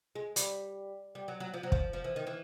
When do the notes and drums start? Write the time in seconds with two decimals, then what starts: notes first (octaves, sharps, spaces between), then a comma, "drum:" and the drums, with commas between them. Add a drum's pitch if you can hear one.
0.15 G#3
0.36 G3, drum: hi-hat
1.15 G3
1.28 F#3
1.40 F#3
1.54 F3
1.63 F#3
1.72 F3, drum: kick
1.93 F3
2.04 E3
2.16 D#3
2.27 E3